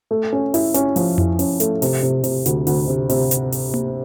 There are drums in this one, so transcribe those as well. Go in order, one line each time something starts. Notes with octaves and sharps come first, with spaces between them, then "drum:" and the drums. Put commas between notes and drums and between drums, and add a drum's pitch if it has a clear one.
A3
C#4
E4, drum: open hi-hat
C#4, drum: hi-hat
F3, drum: open hi-hat
E4, drum: tom F2
C#4, drum: open hi-hat
A3, drum: hi-hat
C3, drum: open hi-hat
C3
C3, drum: open hi-hat
D2, drum: hi-hat
D2, drum: open hi-hat
C3
C3, drum: open hi-hat
drum: hi-hat
drum: open hi-hat
drum: tom A#3